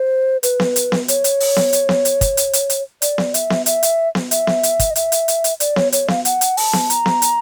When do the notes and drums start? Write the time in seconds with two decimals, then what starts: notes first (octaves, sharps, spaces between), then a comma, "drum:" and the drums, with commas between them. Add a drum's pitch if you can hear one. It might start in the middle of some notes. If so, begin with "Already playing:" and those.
Already playing: C5
0.43 B4, drum: hi-hat
0.60 drum: snare B3
0.76 drum: hi-hat
0.92 drum: snare B3
1.08 C#5, drum: hi-hat
1.24 drum: hi-hat
1.40 drum: open hi-hat
1.56 drum: snare B3
1.73 drum: hi-hat
1.89 drum: snare B3
2.05 drum: hi-hat
2.21 drum: kick, hi-hat
2.37 drum: hi-hat
2.53 drum: hi-hat
2.70 drum: hi-hat
3.02 D5, drum: hi-hat
3.18 drum: snare B3
3.34 E5, drum: hi-hat
3.50 drum: snare B3
3.66 E5, drum: hi-hat
3.83 drum: hi-hat
4.15 drum: snare B3
4.31 E5, drum: hi-hat
4.47 drum: snare B3
4.63 drum: hi-hat
4.79 drum: kick, hi-hat
4.91 D#5
4.96 E5, drum: hi-hat
5.12 drum: hi-hat
5.28 drum: hi-hat
5.44 drum: hi-hat
5.60 D5, drum: hi-hat
5.76 C#5, drum: snare B3
5.92 C#5, drum: hi-hat
6.08 F5, drum: snare B3
6.25 F#5, drum: hi-hat
6.41 drum: hi-hat
6.57 A5, drum: open hi-hat
6.73 drum: snare B3
6.90 A#5, drum: hi-hat
7.06 drum: snare B3
7.22 drum: hi-hat